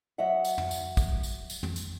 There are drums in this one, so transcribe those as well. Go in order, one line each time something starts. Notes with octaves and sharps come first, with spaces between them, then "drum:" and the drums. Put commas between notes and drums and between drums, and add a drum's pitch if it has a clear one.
F#3 D#5 E5 F#5
drum: tambourine
drum: tom
drum: tambourine
drum: kick, tambourine
drum: tambourine
drum: tambourine
drum: tom
drum: tambourine